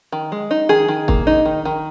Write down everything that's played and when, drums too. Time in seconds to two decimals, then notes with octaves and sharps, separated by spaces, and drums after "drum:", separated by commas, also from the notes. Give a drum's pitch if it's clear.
0.12 D#3
0.32 G#3
0.51 D#4
0.69 D#3 G#4
0.88 D#3
1.08 A#3, drum: kick
1.27 D#4
1.46 D#3
1.65 D#3